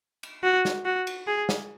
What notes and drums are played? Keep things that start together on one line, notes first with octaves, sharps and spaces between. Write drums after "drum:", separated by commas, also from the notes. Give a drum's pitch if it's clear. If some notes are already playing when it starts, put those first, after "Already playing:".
drum: cymbal
F#4
drum: snare
F#4
drum: cymbal
G#4
drum: snare